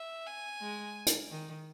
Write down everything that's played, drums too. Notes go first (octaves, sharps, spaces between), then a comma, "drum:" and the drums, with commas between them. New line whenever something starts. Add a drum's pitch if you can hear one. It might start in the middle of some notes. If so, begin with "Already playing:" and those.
Already playing: E5
G#5
G#3
drum: hi-hat
D#3